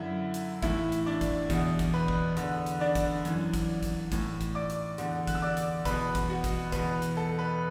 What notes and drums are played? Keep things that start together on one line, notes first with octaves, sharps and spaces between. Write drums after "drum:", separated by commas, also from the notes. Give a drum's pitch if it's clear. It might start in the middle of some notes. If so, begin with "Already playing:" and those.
Already playing: F#2 D3 E4 E5
drum: hi-hat
A2 E3 E4 E5, drum: kick, hi-hat
drum: hi-hat
D4 D5
drum: kick, hi-hat
E2 B2, drum: kick, hi-hat
drum: kick, hi-hat
B4
drum: kick
E2 D3, drum: hi-hat
drum: hi-hat
D4 D5
drum: kick, hi-hat
F#2 E3, drum: hi-hat
drum: kick, hi-hat
drum: kick, hi-hat
A2 E3, drum: kick, hi-hat
drum: kick, hi-hat
D5 D6
drum: hi-hat
E2 D3, drum: hi-hat
F#6, drum: kick, hi-hat
E6
D5 D6
drum: hi-hat
E2 B2 B4 B5, drum: kick, hi-hat
drum: kick, hi-hat
F#4 F#5
drum: kick, hi-hat
E2 B2 B4, drum: kick, hi-hat
drum: hi-hat
A4
B4